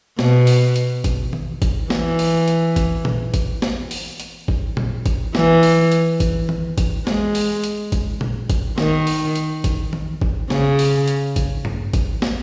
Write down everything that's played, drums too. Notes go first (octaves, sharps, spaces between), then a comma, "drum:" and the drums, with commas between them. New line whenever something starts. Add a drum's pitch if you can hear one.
B2, drum: snare
drum: open hi-hat
drum: hi-hat
drum: kick G#1, hi-hat
drum: tom D#3
drum: kick G#1, hi-hat
E3, drum: snare
drum: open hi-hat
drum: hi-hat
drum: kick G#1, hi-hat
drum: tom A#2
drum: kick G#1, hi-hat
drum: snare
drum: open hi-hat
drum: hi-hat
drum: kick G#1
drum: tom A#2
drum: kick G#1, hi-hat
E3, drum: snare
drum: open hi-hat
drum: hi-hat
drum: kick G#1, hi-hat
drum: tom D#3
drum: kick G#1, hi-hat
G#3, drum: snare
drum: open hi-hat
drum: hi-hat
drum: kick G#1, hi-hat
drum: tom A#2
drum: kick G#1, hi-hat
D#3, drum: snare
drum: open hi-hat
drum: hi-hat
drum: kick G#1, hi-hat
drum: tom D#3
drum: kick G#1
C#3, drum: snare
drum: open hi-hat
drum: hi-hat
drum: kick G#1, hi-hat
drum: tom G2
drum: kick G#1, hi-hat
drum: snare